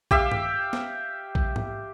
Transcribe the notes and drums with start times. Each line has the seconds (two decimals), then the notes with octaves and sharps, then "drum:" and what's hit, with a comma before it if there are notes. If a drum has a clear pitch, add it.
0.11 G4 E5 F5, drum: kick A#1
0.32 drum: tom G2
0.73 drum: snare
1.35 drum: kick A#1
1.56 drum: tom G#2